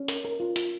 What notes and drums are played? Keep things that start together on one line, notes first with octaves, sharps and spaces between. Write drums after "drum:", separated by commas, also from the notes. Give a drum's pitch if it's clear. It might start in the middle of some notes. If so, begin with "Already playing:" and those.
Already playing: C#4
A#4, drum: hi-hat
A#4
F4
F4, drum: hi-hat